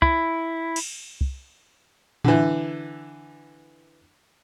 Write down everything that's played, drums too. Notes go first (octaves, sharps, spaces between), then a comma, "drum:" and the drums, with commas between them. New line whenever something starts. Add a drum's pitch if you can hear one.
E4, drum: kick
drum: cymbal
drum: kick
D3 E3, drum: tom A2